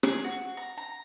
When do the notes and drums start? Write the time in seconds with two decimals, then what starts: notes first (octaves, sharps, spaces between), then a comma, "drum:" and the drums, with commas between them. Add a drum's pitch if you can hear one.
0.03 G#4, drum: rim click
0.24 F#4
0.57 A#5
0.77 A#5